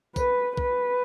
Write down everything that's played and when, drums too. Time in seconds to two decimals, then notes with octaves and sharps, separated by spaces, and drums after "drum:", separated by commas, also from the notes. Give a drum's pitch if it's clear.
0.16 B4, drum: kick B1, tambourine
0.57 B4, drum: kick B1